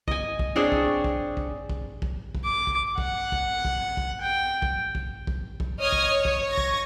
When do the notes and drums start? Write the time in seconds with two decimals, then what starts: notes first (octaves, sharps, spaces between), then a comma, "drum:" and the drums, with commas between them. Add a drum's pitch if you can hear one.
0.08 D#5 G#5, drum: kick
0.39 drum: kick
0.56 C4 D4 G#4 C#5
0.72 drum: kick
1.04 drum: kick
1.37 drum: kick
1.70 drum: kick
2.02 drum: kick
2.35 drum: kick
2.44 D6
2.67 drum: kick
2.98 F#5, drum: kick
3.32 drum: kick
3.65 drum: kick
3.97 drum: kick
4.21 G5
4.62 drum: kick
4.95 drum: kick
5.27 drum: kick
5.60 drum: kick
5.78 C#5 D#5 D#6 F6 G#6
5.92 drum: kick
6.09 C#5
6.25 drum: kick
6.46 C#6 G#6 A#6
6.58 drum: kick